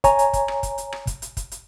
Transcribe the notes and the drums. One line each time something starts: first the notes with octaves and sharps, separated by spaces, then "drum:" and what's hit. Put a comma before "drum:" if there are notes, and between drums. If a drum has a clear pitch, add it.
C#5 G#5 A#5, drum: kick, hi-hat
drum: hi-hat
drum: kick, hi-hat
drum: rim click
drum: kick, hi-hat
drum: hi-hat
drum: rim click
drum: kick, hi-hat
drum: hi-hat
drum: kick, hi-hat
drum: hi-hat